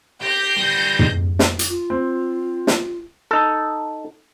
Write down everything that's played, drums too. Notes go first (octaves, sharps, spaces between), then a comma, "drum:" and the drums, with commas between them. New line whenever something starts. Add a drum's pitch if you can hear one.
G4 G6 A#6 C7
G3 B3
drum: tom
drum: snare
drum: hi-hat
F4
C4
drum: snare
D#4 A4